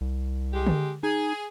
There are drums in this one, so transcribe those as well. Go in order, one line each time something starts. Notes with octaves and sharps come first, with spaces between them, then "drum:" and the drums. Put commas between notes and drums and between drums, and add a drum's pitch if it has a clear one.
C2
G#3 G4
drum: tom D3
D#4 G#4